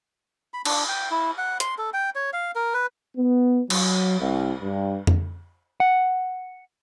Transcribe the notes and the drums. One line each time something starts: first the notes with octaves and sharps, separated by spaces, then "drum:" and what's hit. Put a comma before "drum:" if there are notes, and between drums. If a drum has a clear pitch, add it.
B5
D4, drum: cymbal
G5
E4
F#5
C6, drum: hi-hat
A4
G5
C#5
F5
A#4
B4
B3
F#3, drum: cymbal
C2
G2
drum: tom F2
F#5